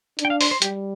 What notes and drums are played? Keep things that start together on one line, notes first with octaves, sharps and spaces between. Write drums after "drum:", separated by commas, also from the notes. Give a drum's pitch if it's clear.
D4, drum: hi-hat
G5
F5
C5, drum: open hi-hat
C5
G3 G4, drum: hi-hat